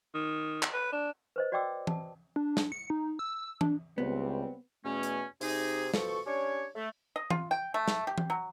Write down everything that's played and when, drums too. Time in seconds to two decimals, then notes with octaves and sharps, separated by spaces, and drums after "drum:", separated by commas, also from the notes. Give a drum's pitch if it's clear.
0.14 D#3
0.63 drum: clap
0.74 B4
0.92 D4
1.36 B4 C5 D#5
1.52 F#4 D5 D#5 G5 D6 E6
1.87 A5, drum: tom E3
2.36 D4
2.57 drum: snare
2.72 C#7
2.90 D#4
3.19 E6
3.61 D4, drum: tom E3
3.98 C#2 C#3 G3 B3 C4
4.85 E2 B2 A3 C#4
5.03 drum: hi-hat
5.41 C3 D#4 G#4, drum: open hi-hat
5.94 B2 F3 A4 C#6, drum: snare
6.26 C#4 D4 G4 C#5
6.75 A3
7.16 D#5
7.30 F4, drum: tom E3
7.51 G5
7.74 A3
7.88 drum: snare
8.07 G4
8.18 drum: tom E3
8.30 F#3